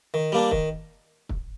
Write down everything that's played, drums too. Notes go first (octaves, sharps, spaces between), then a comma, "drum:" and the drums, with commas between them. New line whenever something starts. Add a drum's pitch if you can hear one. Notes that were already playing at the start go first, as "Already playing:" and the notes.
D#3
G3 A#3 D4
D#3, drum: kick
drum: kick